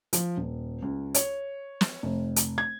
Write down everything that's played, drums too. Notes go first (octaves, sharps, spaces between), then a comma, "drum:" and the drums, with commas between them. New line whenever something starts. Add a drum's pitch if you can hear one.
F3, drum: hi-hat
D#1
C#2
C#5, drum: hi-hat
drum: snare
F1
drum: hi-hat
G#6